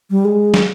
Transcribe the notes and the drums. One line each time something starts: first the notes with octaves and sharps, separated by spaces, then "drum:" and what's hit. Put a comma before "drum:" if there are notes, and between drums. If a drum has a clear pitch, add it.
G3
G#3
drum: snare